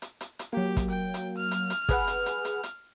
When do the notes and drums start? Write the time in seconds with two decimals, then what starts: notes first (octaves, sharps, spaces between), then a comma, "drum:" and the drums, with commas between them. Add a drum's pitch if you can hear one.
0.02 drum: hi-hat
0.21 drum: hi-hat
0.39 drum: hi-hat
0.53 F#3 A#3 G4
0.77 drum: kick, hi-hat
0.90 G5
1.14 drum: hi-hat
1.37 F6
1.51 drum: hi-hat
1.70 drum: hi-hat
1.89 G#4 B4 F#5, drum: kick, hi-hat
2.07 drum: hi-hat
2.26 drum: hi-hat
2.45 drum: hi-hat
2.63 drum: hi-hat